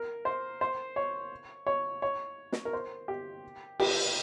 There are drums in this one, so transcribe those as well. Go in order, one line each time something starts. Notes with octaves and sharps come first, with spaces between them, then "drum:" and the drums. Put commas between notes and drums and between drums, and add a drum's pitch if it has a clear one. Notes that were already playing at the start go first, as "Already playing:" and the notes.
Already playing: A#4
C5
C5
C#5
C#5
C#5
drum: snare
A#4
C5
G4
G4, drum: cymbal